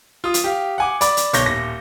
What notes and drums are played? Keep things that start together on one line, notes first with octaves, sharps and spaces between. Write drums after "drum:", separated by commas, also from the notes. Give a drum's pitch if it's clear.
F4 D#6
drum: hi-hat
G4 F5
F#5 G#5 D6
D5 B5 D6, drum: hi-hat
drum: hi-hat
B1 C#5 G6 A#6 G7, drum: hi-hat
D#1 A#6